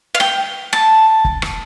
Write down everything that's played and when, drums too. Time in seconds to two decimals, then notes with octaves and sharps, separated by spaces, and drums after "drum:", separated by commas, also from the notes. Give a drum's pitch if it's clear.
0.15 F5
0.20 G5, drum: rim click
0.73 A5, drum: rim click
1.25 drum: kick
1.42 drum: rim click